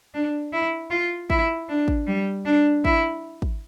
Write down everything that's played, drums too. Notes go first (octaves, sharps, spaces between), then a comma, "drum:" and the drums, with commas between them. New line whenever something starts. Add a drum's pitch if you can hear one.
D4
E4
F4
E4, drum: kick
D4
drum: kick
G3
D4
E4, drum: kick
drum: kick